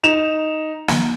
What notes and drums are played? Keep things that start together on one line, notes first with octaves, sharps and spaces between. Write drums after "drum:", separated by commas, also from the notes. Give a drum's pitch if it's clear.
D#4 E7 F7
drum: snare